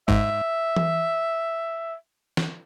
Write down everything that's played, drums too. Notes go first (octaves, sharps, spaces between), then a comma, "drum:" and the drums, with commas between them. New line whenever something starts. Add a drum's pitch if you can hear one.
G#2 E5, drum: kick G#1
drum: tom E3
drum: snare